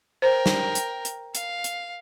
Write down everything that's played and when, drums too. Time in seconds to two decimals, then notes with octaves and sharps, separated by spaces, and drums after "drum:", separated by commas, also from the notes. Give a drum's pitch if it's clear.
0.22 A#4 C5 G5
0.46 drum: snare
0.75 drum: hi-hat
1.05 drum: hi-hat
1.35 F5, drum: hi-hat
1.64 drum: hi-hat